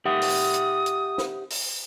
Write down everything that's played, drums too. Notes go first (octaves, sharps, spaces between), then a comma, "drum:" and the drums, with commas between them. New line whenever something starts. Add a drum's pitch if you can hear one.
G4 E5 F#5 D#6
drum: open hi-hat
drum: hi-hat
drum: hi-hat
drum: snare
drum: open hi-hat